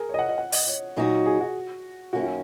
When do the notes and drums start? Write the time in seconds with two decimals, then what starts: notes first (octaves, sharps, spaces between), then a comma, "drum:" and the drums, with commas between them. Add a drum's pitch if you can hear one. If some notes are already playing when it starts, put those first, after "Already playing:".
Already playing: G#4 A#4
0.09 C#5 D#5
0.19 F#5
0.29 D#5
0.38 F#5
0.52 D#5, drum: open hi-hat
0.67 C#5
0.96 A#2 F#3 D#4 F#4
1.26 G#4
1.41 F#4
2.13 F#2 D#3 A#3 C#4 F#4
2.23 F#4